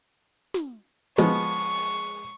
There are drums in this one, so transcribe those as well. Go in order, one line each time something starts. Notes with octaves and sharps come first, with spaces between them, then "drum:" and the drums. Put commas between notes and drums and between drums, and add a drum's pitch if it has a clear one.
drum: snare
F3 G#3 B3 C#6, drum: snare